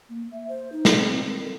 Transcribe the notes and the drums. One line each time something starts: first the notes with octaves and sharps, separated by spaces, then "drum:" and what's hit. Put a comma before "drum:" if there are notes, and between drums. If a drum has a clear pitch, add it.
A#3
E5
C5
D#4
drum: snare
C4
A#4
A4